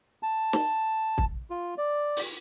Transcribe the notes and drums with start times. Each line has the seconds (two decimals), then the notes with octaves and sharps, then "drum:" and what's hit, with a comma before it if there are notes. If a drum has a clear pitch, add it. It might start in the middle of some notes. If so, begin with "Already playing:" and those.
0.23 A5
0.53 drum: snare
1.18 drum: kick
1.50 F4
1.78 D5
2.17 drum: open hi-hat